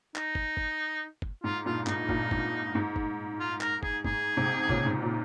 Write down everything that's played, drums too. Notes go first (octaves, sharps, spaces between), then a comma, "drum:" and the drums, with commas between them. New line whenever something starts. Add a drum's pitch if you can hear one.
D#4, drum: clap
drum: kick
drum: kick
drum: kick
G#2 F4
G2 A#2 F4
G#2 D#4, drum: clap
G2 A#2, drum: kick
G#2, drum: kick
G#2
drum: kick
F4
A#4, drum: clap
G#4, drum: kick
G#2 G#4, drum: kick
G#2 C3
A#2 C#3, drum: kick
G#2
A#2